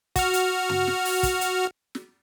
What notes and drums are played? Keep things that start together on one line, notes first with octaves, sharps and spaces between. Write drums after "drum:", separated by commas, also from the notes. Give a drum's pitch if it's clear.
F#4 F6, drum: kick, hi-hat
drum: hi-hat
drum: tom
drum: snare
drum: open hi-hat
drum: kick, hi-hat
drum: hi-hat
drum: snare